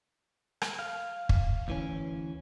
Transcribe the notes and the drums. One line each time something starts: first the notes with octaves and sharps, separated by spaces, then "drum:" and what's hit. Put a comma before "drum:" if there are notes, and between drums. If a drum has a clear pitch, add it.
drum: rim click
F5
drum: kick
D2 E3 C#4